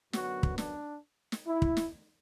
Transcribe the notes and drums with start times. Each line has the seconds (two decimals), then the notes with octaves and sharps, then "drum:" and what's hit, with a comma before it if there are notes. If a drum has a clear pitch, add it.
0.13 F#2 D3 F#3 B3 F#4, drum: snare
0.43 drum: kick
0.58 D4, drum: snare
1.32 drum: snare
1.47 E4
1.62 drum: kick
1.77 drum: snare